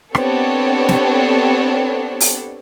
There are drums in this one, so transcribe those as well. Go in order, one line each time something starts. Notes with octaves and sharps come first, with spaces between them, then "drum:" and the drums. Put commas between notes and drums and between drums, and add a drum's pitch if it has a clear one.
B3 C4 D4 G4 A4 C#5, drum: rim click
drum: snare
drum: open hi-hat